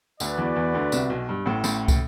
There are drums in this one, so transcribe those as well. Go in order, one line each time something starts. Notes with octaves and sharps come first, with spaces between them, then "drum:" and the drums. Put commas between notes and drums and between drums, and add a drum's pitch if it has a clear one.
D2 D3 F#4 B4 D5, drum: tambourine
E2 E3
E2 E3
D2 D3
C2 C3, drum: tambourine
B1 B2
G2
A1 A2
A1 A2, drum: tambourine
drum: kick, tambourine